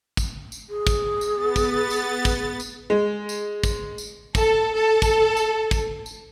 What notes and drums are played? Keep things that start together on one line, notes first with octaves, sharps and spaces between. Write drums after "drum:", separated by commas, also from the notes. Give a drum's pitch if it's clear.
drum: kick, tambourine
drum: tambourine
G#4
drum: kick, tambourine
drum: tambourine
B3 A6
drum: kick, tambourine
drum: tambourine
drum: kick, tambourine
drum: tambourine
G#3
drum: tambourine
drum: kick, tambourine
drum: tambourine
A4, drum: kick, tambourine
A4
drum: kick, tambourine
drum: tambourine
drum: kick, tambourine
drum: tambourine